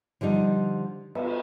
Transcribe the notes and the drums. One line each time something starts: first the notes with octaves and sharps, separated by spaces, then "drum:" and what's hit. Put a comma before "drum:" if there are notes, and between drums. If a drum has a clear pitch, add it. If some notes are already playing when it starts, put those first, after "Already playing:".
D3 F3 G3 D#4
B3, drum: cymbal